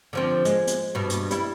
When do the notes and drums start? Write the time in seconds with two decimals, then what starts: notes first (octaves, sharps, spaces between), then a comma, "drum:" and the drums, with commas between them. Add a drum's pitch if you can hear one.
0.13 D3 F3 C4
0.45 G#3, drum: hi-hat
0.67 drum: hi-hat
0.95 G2 B2
1.10 drum: hi-hat
1.31 G3 E4, drum: hi-hat